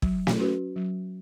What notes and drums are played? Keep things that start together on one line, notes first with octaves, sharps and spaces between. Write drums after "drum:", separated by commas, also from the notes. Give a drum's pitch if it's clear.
F#3, drum: kick
drum: snare
C#4 F#4 B4
F#3